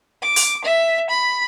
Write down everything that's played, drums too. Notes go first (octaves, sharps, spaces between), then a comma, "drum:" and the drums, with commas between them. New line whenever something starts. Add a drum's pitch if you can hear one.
D6
drum: open hi-hat
E5
B5